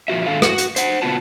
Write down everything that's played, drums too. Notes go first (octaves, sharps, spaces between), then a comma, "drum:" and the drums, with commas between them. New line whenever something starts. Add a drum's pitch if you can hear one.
A#2 F3 F4 F#4 E5
G#2 D#3 D4 A4 F5
F#4, drum: rim click
drum: hi-hat
C5 F#5, drum: hi-hat
A#2 C#3 B3 F4 F#4 A5